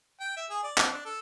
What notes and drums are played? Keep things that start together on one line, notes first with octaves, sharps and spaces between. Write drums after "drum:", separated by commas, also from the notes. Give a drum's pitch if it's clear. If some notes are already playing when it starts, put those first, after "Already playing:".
G5
E5
G#4
D5
C4, drum: clap
D4
A4